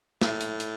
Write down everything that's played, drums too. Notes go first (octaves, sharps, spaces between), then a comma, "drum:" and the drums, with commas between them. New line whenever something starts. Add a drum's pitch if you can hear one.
A2, drum: snare
drum: hi-hat
drum: hi-hat